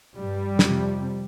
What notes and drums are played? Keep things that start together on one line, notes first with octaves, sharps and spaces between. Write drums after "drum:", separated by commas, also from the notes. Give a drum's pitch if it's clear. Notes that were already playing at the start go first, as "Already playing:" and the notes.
G2 G3
F2 C3, drum: snare